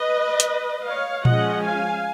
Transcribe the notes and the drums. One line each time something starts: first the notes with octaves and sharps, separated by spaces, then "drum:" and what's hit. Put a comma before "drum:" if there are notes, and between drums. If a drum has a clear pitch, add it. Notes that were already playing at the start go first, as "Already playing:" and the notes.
Already playing: B4 D#5
drum: hi-hat
C#5 F5
F3 G#3 C#4 D#5 F#5, drum: tom A#2
F5 G#5